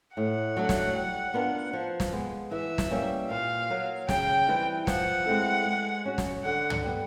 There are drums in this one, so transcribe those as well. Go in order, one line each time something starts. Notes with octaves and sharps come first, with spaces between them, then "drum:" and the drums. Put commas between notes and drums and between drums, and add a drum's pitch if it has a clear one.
A2 F#5
F#3 A3 D4
drum: snare
G3
B3 D4 F4 A#4
F3
drum: snare
G#3 B3
E3 E5
drum: snare
G3 A#3 C#4
A#2 F5
F#3 A#3
C#3 G5, drum: snare
E3 G3 C4 E4
F3 F#5, drum: snare
G#3 C4 E4 A4
G#3
C#4 F#4
drum: snare
D3 F#5
drum: tom
G3 B3